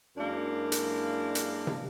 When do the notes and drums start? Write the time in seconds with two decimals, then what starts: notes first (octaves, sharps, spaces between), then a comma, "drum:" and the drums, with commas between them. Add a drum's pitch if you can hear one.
0.17 F#2 G#3 A#3 D4 E4
0.72 drum: hi-hat
1.35 drum: hi-hat
1.67 drum: tom